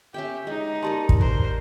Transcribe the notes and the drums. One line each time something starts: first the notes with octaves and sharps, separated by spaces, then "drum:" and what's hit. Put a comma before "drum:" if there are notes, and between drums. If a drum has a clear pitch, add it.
C#4 G4 E5 G5
G#3 D#4
G4 A#4 D5 F#5 A5 C6
drum: kick
A#4 C5